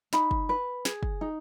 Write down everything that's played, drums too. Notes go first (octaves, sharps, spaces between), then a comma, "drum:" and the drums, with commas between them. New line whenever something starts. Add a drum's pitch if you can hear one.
D#4 B5, drum: snare
drum: kick
B4
G#4, drum: snare
drum: kick
D#4